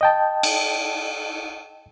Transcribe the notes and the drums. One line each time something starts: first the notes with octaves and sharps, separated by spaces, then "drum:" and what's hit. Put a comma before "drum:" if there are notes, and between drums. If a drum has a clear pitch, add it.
D#5 G5 A5
drum: cymbal